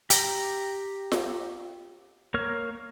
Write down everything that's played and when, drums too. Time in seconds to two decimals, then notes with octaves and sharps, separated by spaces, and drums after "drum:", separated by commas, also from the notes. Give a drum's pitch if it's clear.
0.10 G4 A#5, drum: hi-hat
1.12 drum: snare F4
2.34 A#3 A#4 C#5 F6